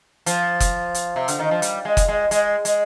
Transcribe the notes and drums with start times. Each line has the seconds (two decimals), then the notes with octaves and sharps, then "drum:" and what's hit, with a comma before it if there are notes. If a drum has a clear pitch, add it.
0.26 F3, drum: hi-hat
0.60 drum: kick F#1, hi-hat
0.94 drum: hi-hat
1.16 C3
1.28 D3, drum: hi-hat
1.39 D#3
1.51 F3
1.62 G3, drum: hi-hat
1.85 G#3
1.97 drum: kick F#1, hi-hat
2.08 G#3
2.31 G#3, drum: hi-hat
2.65 G#3, drum: hi-hat